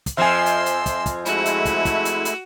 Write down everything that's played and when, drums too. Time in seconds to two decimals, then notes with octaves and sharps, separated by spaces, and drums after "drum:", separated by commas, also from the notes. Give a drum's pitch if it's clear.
0.06 drum: kick, hi-hat
0.17 F2 F3 E5 G#5 C6 E6
0.46 drum: hi-hat
0.66 drum: hi-hat
0.86 drum: kick, hi-hat
1.06 drum: kick, hi-hat
1.26 G#3 A3 E4 F#4, drum: hi-hat
1.46 drum: hi-hat
1.65 drum: kick, hi-hat
1.85 drum: kick, hi-hat
2.05 drum: hi-hat
2.25 drum: hi-hat